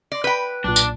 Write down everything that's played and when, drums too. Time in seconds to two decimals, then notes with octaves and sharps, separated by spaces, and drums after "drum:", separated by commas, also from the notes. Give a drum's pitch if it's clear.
0.12 D5 C6 A#6
0.24 B4 G5
0.64 B1 A#2 D4
0.76 drum: tambourine